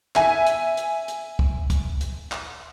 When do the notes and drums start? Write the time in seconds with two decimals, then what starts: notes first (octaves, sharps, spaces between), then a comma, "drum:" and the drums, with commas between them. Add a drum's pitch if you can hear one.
0.16 E5 G#5, drum: clap
0.46 drum: hi-hat
0.77 drum: hi-hat
1.08 drum: hi-hat
1.39 drum: kick
1.70 drum: kick, hi-hat
2.01 drum: hi-hat
2.32 drum: clap